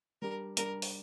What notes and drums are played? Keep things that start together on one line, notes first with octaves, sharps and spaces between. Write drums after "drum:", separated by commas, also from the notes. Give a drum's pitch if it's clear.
G3 D4 G4 A#4
G3 D4 G4 A#4, drum: hi-hat
drum: open hi-hat